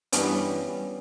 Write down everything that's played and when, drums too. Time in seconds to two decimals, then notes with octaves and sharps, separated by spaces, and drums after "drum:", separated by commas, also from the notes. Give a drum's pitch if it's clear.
0.13 G2 E3 G3 B3 C#4, drum: hi-hat